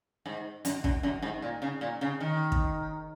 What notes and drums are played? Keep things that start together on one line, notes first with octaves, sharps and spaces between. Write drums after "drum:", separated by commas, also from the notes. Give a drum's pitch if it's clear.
G#2
F#2, drum: hi-hat
F#2, drum: kick
F#2
G#2
A#2
C#3
A#2
C#3
D#3
drum: kick